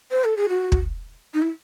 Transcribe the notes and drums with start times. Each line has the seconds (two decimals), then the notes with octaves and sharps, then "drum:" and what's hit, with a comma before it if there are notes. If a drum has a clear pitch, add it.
0.11 C5
0.24 A4
0.37 G#4
0.49 F#4
0.72 drum: kick
1.34 D#4
1.42 E4